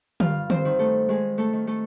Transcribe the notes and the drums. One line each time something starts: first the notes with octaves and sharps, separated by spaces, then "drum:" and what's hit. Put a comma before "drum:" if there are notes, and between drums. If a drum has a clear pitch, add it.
G2 F4 F5, drum: tom D3
C4 C5, drum: tom D3
D#3
A3 A4
D#3 G#3 G#4
A3 A4
D#3
A3 A4